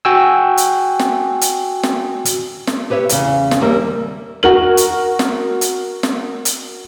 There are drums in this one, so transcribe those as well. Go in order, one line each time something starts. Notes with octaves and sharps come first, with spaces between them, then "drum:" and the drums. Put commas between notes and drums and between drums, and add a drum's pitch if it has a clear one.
F#4 G5 G#5 E6
drum: hi-hat
drum: snare
drum: hi-hat
drum: snare
drum: hi-hat
drum: snare
G4 B4 C#5 E5
E2 C#3, drum: hi-hat
drum: snare
D#2 G3 A#3 A#4 E5
F#4 A#4 F#7
drum: hi-hat
drum: snare
drum: hi-hat
drum: snare
drum: hi-hat